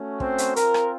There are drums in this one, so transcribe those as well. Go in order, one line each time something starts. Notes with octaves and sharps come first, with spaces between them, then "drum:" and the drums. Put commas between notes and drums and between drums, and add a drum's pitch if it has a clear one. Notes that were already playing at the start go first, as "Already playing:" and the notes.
Already playing: A3 C#4 F#4
C4 C5, drum: kick
drum: hi-hat
C4 F4 A#4, drum: hi-hat
drum: rim click